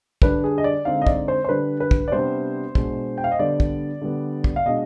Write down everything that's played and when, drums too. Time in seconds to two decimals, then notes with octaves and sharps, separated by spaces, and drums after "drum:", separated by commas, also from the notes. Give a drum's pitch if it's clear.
0.22 D3 G3 D4 B4, drum: kick
0.44 G#4
0.58 D#5
0.64 D5
0.85 D3 G#3 C4 D#4 F5
1.02 D#5
1.07 D5, drum: kick
1.28 C5
1.44 C5
1.49 D3 G3 D4 B4
1.80 B4
1.91 drum: kick
2.08 D5
2.12 C3 G3 B3 D4 C5
2.75 B2 G#3 D4, drum: kick
3.18 G5
3.24 F5
3.32 D#5
3.39 D3 G3 B3 D4 D5
3.60 drum: kick
4.02 D3 G3 B3
4.44 drum: kick
4.56 F5
4.65 B2 G#3 D4 D#5